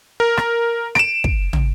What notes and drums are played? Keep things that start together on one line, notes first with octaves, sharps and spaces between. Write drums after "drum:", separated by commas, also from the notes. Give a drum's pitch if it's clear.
A#4
drum: rim click
D7 E7, drum: rim click
drum: kick
drum: tom